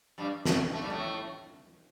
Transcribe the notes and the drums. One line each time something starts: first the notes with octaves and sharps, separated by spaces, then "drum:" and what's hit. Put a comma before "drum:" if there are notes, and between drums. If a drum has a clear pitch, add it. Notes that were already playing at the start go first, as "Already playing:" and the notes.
G2 G3
A2 A3, drum: snare
A3
G3
A2 A3